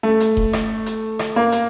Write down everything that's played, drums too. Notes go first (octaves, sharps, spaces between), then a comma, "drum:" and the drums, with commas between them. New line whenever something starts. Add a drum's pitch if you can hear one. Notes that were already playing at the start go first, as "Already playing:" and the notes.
A3
drum: hi-hat
drum: kick D#1
drum: rim click
drum: hi-hat
drum: rim click
A#3
drum: hi-hat